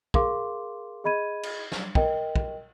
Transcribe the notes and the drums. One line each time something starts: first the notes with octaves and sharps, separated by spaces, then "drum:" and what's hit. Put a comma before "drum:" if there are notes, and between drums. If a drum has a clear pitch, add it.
G#4 A#4 F5 C6 D6, drum: kick
G#4 D#5 B5 G#6 D#7
drum: cymbal
drum: snare
A#4 D#5 G5, drum: kick
drum: kick